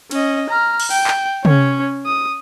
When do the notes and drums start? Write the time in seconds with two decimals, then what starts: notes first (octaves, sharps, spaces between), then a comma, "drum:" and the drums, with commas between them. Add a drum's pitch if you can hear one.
0.11 C#4 D#5, drum: cymbal
0.50 A#5 F6
0.80 drum: cymbal
0.91 G5, drum: open hi-hat
1.07 drum: clap
1.45 C#4 C#5, drum: tom
2.06 D#6